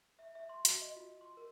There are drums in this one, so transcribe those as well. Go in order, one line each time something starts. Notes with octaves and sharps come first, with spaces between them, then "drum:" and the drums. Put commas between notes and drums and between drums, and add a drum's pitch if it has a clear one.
E5
E5
C6
F#4, drum: hi-hat
D#5
F4
C6
A#4